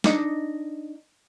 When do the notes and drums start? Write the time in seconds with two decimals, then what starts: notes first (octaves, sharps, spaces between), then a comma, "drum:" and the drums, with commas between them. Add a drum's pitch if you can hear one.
0.04 D4 D#4 D#5, drum: snare